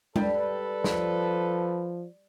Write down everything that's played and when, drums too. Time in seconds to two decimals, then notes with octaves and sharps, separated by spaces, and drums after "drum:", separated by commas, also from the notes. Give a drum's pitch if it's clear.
0.16 G3 A4 B4, drum: tom G#3
0.84 F3, drum: snare